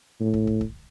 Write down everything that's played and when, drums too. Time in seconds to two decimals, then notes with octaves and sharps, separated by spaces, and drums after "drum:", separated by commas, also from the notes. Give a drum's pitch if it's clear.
0.20 A2
0.34 drum: kick
0.47 drum: kick
0.61 drum: kick